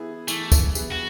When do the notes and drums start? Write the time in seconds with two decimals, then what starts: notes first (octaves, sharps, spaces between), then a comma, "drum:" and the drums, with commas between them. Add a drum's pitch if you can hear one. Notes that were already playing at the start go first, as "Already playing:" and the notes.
Already playing: E3 B3 E4 G#4
0.28 E3 A3, drum: tambourine
0.52 drum: kick, tambourine
0.75 B3 E4 G#4, drum: tambourine
0.91 F#4